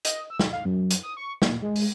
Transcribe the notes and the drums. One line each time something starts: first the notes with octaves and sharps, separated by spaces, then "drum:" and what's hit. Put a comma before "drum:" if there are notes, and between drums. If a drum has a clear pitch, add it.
D#5, drum: hi-hat
E6
drum: snare
F5
F#2
drum: hi-hat
D#6
C#6
A#2, drum: snare
G#3
drum: open hi-hat